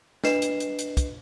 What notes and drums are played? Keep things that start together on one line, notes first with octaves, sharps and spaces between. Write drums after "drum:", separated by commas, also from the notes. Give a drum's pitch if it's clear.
D4 B4 D#5 C7 E7, drum: snare
drum: hi-hat
drum: hi-hat
drum: hi-hat
drum: kick, hi-hat